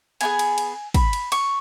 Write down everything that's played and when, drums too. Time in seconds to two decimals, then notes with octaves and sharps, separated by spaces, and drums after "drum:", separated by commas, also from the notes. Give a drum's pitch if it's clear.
0.21 B3 E4 G#4 G#5, drum: cymbal
0.39 drum: cymbal
0.58 drum: cymbal
0.94 B5, drum: kick, cymbal
1.13 drum: cymbal
1.32 C#6, drum: cymbal